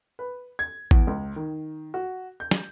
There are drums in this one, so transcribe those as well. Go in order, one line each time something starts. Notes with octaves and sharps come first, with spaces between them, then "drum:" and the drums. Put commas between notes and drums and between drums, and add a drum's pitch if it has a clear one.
B4
G#6
E2, drum: kick A1
C#2
D#3
F#4
G6
drum: snare